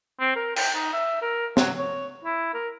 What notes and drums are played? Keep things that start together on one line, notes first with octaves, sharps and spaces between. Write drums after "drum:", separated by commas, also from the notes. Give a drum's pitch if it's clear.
C4
A#4
G5, drum: cymbal
D#4
E5
A#4
F#3, drum: snare
C#5
E4
A#4